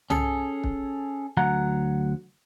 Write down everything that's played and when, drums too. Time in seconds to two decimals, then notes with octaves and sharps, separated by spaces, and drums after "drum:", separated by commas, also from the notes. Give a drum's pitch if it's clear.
0.10 C#4 G#4 A4, drum: tom
0.64 drum: kick
1.37 D2 F#3 F#5 A#5